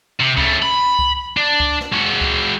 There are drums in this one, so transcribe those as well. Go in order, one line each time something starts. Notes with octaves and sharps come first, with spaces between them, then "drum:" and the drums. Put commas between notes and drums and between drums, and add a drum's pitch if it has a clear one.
C3
C#3 A3, drum: kick C#2
B5
drum: kick C#2
D4
drum: kick C#2
drum: snare
G#3 F#4
drum: kick C#2